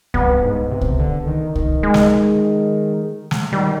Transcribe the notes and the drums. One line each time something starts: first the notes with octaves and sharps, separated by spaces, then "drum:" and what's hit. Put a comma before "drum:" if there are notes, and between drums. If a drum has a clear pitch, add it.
G2 B3, drum: kick C2
G#2
C3
drum: kick C2
D3
D#3
D#3, drum: kick C2
G#3
drum: snare
drum: snare
D#3 G3